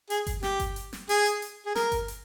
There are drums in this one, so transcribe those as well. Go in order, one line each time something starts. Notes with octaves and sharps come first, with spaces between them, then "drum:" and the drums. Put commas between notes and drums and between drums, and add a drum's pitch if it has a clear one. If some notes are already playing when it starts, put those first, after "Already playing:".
G#4, drum: hi-hat
drum: kick G1, hi-hat
G4, drum: snare
drum: kick G1, hi-hat
drum: hi-hat
drum: snare
G#4, drum: hi-hat
drum: hi-hat
drum: hi-hat
G#4
A#4, drum: snare
drum: kick G1, hi-hat
drum: hi-hat